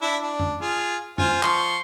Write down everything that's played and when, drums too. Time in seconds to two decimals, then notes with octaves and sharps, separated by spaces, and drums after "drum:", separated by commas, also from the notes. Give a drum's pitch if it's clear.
0.02 D4 E4
0.22 D4
0.39 drum: tom F#2
0.61 F4 G#4
1.18 F4 C5 G#5, drum: tom F#2
1.43 F3 C6 C#6, drum: clap